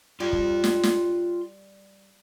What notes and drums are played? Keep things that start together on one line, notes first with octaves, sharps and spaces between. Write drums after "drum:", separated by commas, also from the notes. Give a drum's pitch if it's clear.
G3 F4 G5
drum: kick
drum: snare
drum: snare